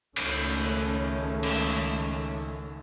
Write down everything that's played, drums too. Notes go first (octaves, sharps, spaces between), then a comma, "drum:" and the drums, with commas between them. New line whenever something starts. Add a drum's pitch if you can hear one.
C#2 D#3 A3 C#4, drum: cymbal
drum: cymbal